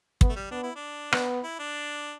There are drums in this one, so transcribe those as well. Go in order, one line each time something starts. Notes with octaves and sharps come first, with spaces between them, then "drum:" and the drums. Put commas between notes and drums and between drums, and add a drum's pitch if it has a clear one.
B3, drum: kick
A3
G3
B3 D4
E4
D4
B3, drum: rim click
E4
D4